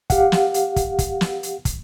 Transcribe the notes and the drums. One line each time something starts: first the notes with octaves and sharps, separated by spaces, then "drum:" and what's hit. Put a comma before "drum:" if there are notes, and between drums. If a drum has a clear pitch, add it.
G4 F5 F#5, drum: kick, hi-hat
drum: snare
drum: hi-hat
drum: kick, hi-hat
drum: kick, hi-hat
drum: snare
drum: hi-hat
drum: kick, hi-hat